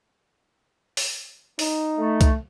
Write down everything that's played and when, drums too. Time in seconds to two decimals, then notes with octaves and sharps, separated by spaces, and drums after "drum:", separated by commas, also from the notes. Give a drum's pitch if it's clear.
0.97 drum: open hi-hat
1.59 D#4, drum: open hi-hat
1.98 A3
2.21 drum: kick C2, hi-hat